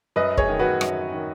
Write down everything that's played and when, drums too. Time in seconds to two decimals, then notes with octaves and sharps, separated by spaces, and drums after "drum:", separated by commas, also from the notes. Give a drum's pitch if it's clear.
0.16 F#2 B4 D#5
0.38 G#4 C#5, drum: kick
0.49 D#3
0.59 F#4 B4
0.81 F#2, drum: rim click
1.13 D#3